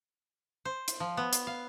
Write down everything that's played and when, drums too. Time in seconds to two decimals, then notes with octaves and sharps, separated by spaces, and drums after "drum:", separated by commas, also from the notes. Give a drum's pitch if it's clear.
0.65 C5
0.88 drum: hi-hat
1.00 F3
1.17 B3
1.33 drum: hi-hat
1.47 F5